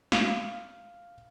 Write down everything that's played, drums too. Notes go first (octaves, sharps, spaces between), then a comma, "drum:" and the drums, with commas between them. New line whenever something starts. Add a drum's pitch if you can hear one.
F5, drum: snare